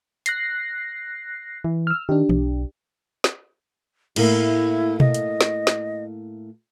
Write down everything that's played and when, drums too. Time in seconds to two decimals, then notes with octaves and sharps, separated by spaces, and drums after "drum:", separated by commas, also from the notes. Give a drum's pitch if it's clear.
0.26 F#6 A#6 C7, drum: hi-hat
1.64 E3
1.87 E6 F6
2.09 D#3 D4 G4
2.29 B1, drum: tom E3
3.24 drum: snare
4.16 A2 A#3 E4, drum: cymbal
5.00 D#5, drum: tom B2
5.14 drum: hi-hat
5.41 drum: snare
5.67 drum: snare